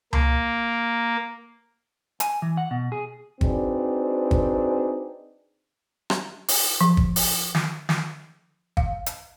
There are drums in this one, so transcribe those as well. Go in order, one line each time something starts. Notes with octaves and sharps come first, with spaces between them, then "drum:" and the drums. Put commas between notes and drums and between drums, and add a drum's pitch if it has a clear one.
A#3, drum: tom C#2
G#5, drum: hi-hat
E3
F#5
B2
G#4
C4 D4 D#4 F#4 G#4 B4, drum: kick
drum: kick
drum: rim click
drum: open hi-hat
F3
drum: kick
drum: open hi-hat
drum: snare
drum: snare
F5, drum: kick
drum: hi-hat